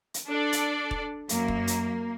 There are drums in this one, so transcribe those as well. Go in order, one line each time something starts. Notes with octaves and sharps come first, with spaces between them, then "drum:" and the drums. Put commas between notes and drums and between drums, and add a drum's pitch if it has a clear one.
drum: hi-hat
D4 A4 D5
drum: hi-hat
drum: kick E1
F#2 A#3, drum: hi-hat
drum: kick E1
drum: hi-hat